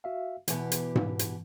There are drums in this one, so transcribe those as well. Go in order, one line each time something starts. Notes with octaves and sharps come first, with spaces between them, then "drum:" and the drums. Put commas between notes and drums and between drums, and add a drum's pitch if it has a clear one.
F#4 E5 F5
E2 B2 E3 G4, drum: hi-hat
drum: hi-hat
drum: tom G#2
drum: hi-hat